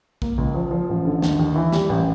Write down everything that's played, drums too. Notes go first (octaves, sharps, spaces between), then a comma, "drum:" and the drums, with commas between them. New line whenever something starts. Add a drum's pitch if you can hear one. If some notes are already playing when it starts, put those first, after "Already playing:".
A#3, drum: kick A#1
C#2
F3
F3
A1
D3
D#2, drum: snare
D#2
E3
G3, drum: snare
A1